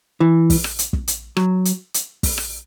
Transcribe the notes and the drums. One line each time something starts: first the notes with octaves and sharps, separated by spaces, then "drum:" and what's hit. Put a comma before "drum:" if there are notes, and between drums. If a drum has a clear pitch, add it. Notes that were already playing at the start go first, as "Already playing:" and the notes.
E3
drum: kick, open hi-hat
drum: rim click
drum: hi-hat
drum: kick
drum: hi-hat
F#3, drum: rim click
drum: hi-hat
drum: hi-hat
drum: kick, open hi-hat
drum: rim click